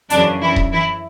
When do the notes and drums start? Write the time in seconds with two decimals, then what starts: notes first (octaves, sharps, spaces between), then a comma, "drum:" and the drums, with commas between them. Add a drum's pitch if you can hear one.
0.10 F#2 C#3 E3 D4, drum: hi-hat
0.41 E3 E4
0.56 drum: kick D#1
0.72 E3 E4